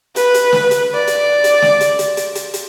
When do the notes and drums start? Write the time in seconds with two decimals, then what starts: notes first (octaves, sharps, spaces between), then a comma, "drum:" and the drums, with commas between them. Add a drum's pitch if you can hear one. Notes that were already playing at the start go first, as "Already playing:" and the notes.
0.16 B4, drum: hi-hat
0.34 drum: hi-hat
0.53 drum: snare
0.71 drum: hi-hat
0.94 D5
1.07 drum: hi-hat
1.44 drum: hi-hat
1.62 drum: snare
1.80 drum: hi-hat
1.99 drum: hi-hat
2.17 drum: hi-hat
2.35 drum: hi-hat
2.54 drum: hi-hat